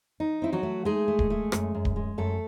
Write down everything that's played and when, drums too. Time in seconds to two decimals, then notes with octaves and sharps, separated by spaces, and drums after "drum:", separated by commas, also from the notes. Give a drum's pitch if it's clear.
0.20 D#4
0.42 C4 E4
0.52 F#3 F#4
0.63 A3
0.85 G#3 D#4 G#4
1.08 A3
1.19 drum: kick D1
1.30 A3
1.52 F#2, drum: rim click
1.75 F#2
1.85 drum: kick D1
1.96 G#3
2.18 F#2 A3 A4